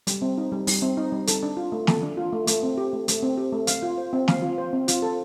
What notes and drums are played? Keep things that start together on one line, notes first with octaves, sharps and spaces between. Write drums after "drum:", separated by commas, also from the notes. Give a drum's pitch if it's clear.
G3, drum: hi-hat
C4
D#4
G3
G3, drum: open hi-hat
C4
D#4
G3
A4, drum: hi-hat
D4
F4
A3
A4, drum: snare
D4
F4
A3
A3, drum: hi-hat
C4
G4
A3
A3, drum: hi-hat
C4
G4
A3
F5, drum: hi-hat
F4
C5
C4
F5, drum: snare
F4
C5
C4
F4, drum: hi-hat
A4